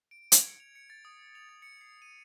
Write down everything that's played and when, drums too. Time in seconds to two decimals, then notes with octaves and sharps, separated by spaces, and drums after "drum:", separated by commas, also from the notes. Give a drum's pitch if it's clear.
0.11 D7
0.32 G#6, drum: hi-hat
0.48 C#7
0.60 F7
0.75 C#7
0.90 A6
1.05 D#6
1.35 F7
1.49 A6
1.62 C#7
1.81 C7
2.02 D#7